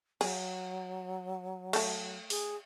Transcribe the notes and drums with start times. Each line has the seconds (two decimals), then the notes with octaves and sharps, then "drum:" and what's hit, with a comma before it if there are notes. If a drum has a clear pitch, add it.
0.21 F#3 G#4, drum: cymbal
1.73 A3 A4, drum: cymbal
2.30 G#4, drum: open hi-hat